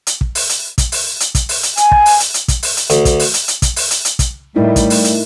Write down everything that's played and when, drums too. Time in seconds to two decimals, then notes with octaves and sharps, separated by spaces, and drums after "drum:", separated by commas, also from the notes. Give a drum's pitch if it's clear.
0.07 drum: hi-hat
0.21 drum: kick
0.35 drum: open hi-hat
0.49 drum: hi-hat
0.78 drum: kick, hi-hat
0.92 drum: open hi-hat
1.20 drum: hi-hat
1.35 drum: kick, hi-hat
1.49 drum: open hi-hat
1.63 drum: hi-hat
1.77 G#5, drum: hi-hat
1.91 drum: kick
2.06 drum: open hi-hat
2.20 drum: hi-hat
2.34 drum: hi-hat
2.48 drum: kick, hi-hat
2.63 drum: open hi-hat
2.77 drum: hi-hat
2.90 D2, drum: hi-hat
3.05 drum: kick, hi-hat
3.19 drum: open hi-hat
3.34 drum: hi-hat
3.48 drum: hi-hat
3.62 drum: kick, hi-hat
3.76 drum: open hi-hat
3.91 drum: hi-hat
4.05 drum: hi-hat
4.19 drum: kick, hi-hat
4.56 A2 G3 D#4 E4 A#4
4.76 drum: kick, hi-hat
4.90 drum: open hi-hat
5.04 drum: hi-hat